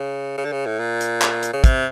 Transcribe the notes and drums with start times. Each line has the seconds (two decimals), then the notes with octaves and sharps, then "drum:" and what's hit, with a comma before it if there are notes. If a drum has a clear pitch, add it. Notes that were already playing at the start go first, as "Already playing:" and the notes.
Already playing: C#3
0.38 C#3
0.45 D3
0.52 C#3
0.66 A2
0.79 A#2
1.01 drum: hi-hat
1.22 drum: clap
1.43 drum: hi-hat
1.53 C#3
1.64 C3, drum: kick, hi-hat